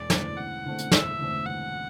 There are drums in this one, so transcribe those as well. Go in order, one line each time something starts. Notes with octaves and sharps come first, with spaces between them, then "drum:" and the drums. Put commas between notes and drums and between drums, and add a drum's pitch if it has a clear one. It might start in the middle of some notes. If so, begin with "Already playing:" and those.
Already playing: E1 D5
E2 D3 A3 C4, drum: snare
E1 F#5
E2 D3 A3 C4
drum: hi-hat
E1 E5, drum: snare
E2 D3 A3 C4
E1 F#5